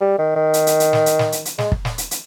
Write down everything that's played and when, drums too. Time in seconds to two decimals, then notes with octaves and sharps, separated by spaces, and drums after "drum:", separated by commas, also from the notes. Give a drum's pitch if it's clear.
0.01 G3
0.19 D#3
0.36 D#3
0.54 drum: hi-hat
0.67 drum: hi-hat
0.80 drum: hi-hat
0.93 drum: snare
1.06 drum: hi-hat
1.19 drum: snare
1.32 drum: hi-hat
1.45 drum: hi-hat
1.58 G#3, drum: snare
1.72 drum: kick
1.85 drum: snare
1.98 drum: hi-hat
2.11 drum: hi-hat